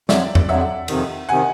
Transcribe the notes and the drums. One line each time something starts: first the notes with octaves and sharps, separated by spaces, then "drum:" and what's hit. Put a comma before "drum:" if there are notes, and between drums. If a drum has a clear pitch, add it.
F2 D3 F#3 D5 E5, drum: snare
drum: tom E2
F2 D3 F#3 E5 F#5
F2 C3 D#3, drum: cymbal
C3 D#3 F#5 G#5